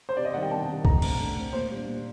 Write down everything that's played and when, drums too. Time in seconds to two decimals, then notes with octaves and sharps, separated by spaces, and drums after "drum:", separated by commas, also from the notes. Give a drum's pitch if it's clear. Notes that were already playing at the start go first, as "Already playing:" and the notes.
0.09 C5
0.17 C3 D5
0.25 D#5
0.34 D#3 G3 F#5
0.43 G5
0.51 C3 A5
0.68 D#3 G3
0.85 D3 A#5, drum: kick C2
1.02 A3 C4, drum: cymbal
1.19 D3
1.36 A3 C4
1.53 A#2 C5
1.70 G3 D4
1.87 A#2